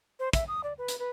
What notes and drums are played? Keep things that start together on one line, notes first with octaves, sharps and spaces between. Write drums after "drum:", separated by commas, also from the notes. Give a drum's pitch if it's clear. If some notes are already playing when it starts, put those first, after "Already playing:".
C5
E5, drum: kick, hi-hat
D#6
D5
B4
drum: hi-hat
B4